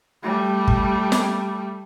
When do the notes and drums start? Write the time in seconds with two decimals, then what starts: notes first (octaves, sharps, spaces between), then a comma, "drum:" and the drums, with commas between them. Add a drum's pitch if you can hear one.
0.23 G3 A3
0.68 drum: kick
1.12 drum: snare